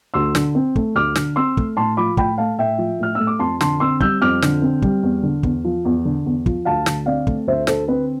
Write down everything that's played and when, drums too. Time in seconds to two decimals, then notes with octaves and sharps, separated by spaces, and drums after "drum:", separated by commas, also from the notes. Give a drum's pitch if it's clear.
0.14 D2 C6 E6
0.35 D3, drum: snare
0.55 C4
0.76 A3, drum: kick
0.95 D2 D6 F6
1.16 D3, drum: snare
1.36 C4 C6 E6
1.57 A3, drum: kick
1.77 A2 A5 C6
1.97 F3 B5 D6
2.17 A2 G5 B5, drum: kick
2.38 A3 F5 A5
2.58 A2 E5 G5
2.78 F3
3.00 A2 F6
3.15 A3 E6
3.27 D6
3.39 F2 A5 C6
3.61 D3 A5 C6, drum: snare
3.80 C4 C6 E6
4.00 G3 E6 G6, drum: kick
4.21 F2 D6 F6
4.42 D3, drum: snare
4.62 C4
4.82 G3, drum: kick
5.03 E2
5.23 D3
5.43 E2, drum: kick
5.65 F3
5.85 E2
6.05 D3
6.26 E2
6.46 F3, drum: kick
6.65 D2 F5 A5
6.86 D3, drum: snare
7.06 C4 D5 F5
7.27 A3, drum: kick
7.47 D2 C5 E5
7.67 D3 A4 C5, drum: snare
7.88 C4 B4